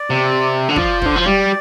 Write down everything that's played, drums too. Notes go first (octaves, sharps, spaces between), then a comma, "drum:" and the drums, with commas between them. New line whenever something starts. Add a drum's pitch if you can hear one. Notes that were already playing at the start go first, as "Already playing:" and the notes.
Already playing: D5
C3
D3
F3 D5, drum: kick
D3 C5, drum: kick
F3
C5
G3 D5